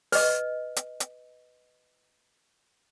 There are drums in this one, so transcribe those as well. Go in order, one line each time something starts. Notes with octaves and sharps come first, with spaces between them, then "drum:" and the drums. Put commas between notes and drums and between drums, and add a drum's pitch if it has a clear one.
B4 D#5, drum: open hi-hat
drum: hi-hat
drum: hi-hat